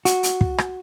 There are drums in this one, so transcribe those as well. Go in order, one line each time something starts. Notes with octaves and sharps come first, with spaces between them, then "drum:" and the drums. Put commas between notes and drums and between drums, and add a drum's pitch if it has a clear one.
F#4, drum: hi-hat
drum: hi-hat
drum: kick
drum: rim click